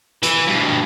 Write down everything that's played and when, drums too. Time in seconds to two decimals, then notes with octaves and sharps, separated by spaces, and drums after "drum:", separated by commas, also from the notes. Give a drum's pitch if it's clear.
0.23 E3, drum: hi-hat
0.48 G2 B2